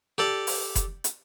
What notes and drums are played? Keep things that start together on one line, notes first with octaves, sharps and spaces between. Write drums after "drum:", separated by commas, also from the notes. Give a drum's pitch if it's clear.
G4 A4 D5
drum: open hi-hat
drum: kick F1, hi-hat
drum: hi-hat